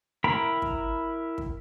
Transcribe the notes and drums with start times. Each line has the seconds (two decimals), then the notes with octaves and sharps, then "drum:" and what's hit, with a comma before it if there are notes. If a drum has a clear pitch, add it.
0.24 E4 A#4 G5 A#5 B5
0.62 drum: kick
1.38 drum: kick